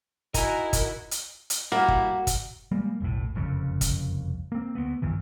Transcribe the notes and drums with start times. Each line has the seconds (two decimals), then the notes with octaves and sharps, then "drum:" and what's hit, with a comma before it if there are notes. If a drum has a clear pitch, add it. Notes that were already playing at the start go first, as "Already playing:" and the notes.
0.34 D#4 E4 F#4 A#4 G#5 A#5, drum: kick, hi-hat
0.73 drum: kick, hi-hat
1.11 drum: hi-hat
1.50 drum: hi-hat
1.72 G3 A#3 E4 F#4
1.88 drum: kick
2.27 drum: kick, hi-hat
2.72 G3 G#3 A#3
3.00 F1 B1 A2
3.35 F#1 C2 F2 C#3
3.81 drum: kick, hi-hat
4.52 A#3 C4
4.75 D2 B3
5.02 C2 G2 D#3 E3